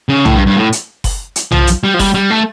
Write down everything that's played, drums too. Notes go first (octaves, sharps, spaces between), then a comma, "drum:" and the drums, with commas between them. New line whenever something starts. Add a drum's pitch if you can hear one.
C#3
A2, drum: tom B1
G2
G2
A2
drum: hi-hat
drum: kick F#1, open hi-hat
drum: hi-hat
F3, drum: tom B1
drum: hi-hat
G3
F3
G3, drum: kick F#1, open hi-hat
G3
A3